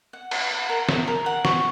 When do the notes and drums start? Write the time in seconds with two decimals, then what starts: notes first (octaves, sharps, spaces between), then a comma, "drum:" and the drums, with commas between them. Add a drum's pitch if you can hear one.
0.13 F#5
0.31 B4, drum: cymbal
0.51 F#5
0.69 A#4
0.89 E5, drum: snare
1.08 A#4
1.26 F#5
1.45 C#6, drum: snare